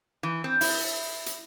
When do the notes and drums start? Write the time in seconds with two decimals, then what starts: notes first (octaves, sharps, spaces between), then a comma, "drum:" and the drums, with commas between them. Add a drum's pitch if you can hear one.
0.23 E3
0.44 C4
0.61 E4, drum: open hi-hat
1.26 drum: hi-hat